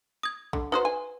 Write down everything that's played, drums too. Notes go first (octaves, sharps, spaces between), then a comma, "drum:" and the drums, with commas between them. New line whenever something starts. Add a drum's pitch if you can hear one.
D#6 G#6
D3, drum: kick A#1
D#4 F#4 B4 C5
G#5